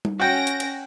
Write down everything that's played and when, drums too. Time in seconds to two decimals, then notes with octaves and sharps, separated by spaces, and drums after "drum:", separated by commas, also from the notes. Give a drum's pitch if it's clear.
0.05 drum: tom G3
0.20 C#4 F#4 G5 A#6 D7
0.47 drum: hi-hat
0.60 drum: cymbal